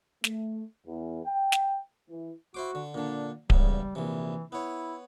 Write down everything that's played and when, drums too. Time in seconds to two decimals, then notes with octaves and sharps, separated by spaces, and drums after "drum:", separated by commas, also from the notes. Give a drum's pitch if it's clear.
0.24 A3, drum: snare
0.87 E2
1.26 G5
1.52 drum: snare
2.10 E3
2.54 E4 F#4 C5 D6
2.75 D3
2.94 A#2 D3 D4
3.50 E2 G#2 C#3 G3, drum: kick D1
3.95 A#1 C3 E3
4.52 B3 E4 C#5